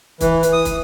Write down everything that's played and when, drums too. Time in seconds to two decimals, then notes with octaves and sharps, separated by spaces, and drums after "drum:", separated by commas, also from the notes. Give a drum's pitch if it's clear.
0.21 E3, drum: kick, hi-hat
0.43 drum: hi-hat
0.53 D#6
0.65 drum: kick, hi-hat